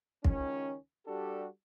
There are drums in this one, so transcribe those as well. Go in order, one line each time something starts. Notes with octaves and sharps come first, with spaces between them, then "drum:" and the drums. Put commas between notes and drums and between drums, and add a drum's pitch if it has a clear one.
C#2 D#3 C#4, drum: kick
G3 D4 F#4 G4 A4